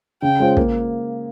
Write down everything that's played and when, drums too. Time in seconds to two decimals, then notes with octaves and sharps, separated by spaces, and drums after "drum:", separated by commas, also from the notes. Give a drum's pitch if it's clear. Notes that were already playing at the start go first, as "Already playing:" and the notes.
0.22 C#3 G5
0.39 G#3 C#4 F4 C5
0.57 A#3, drum: kick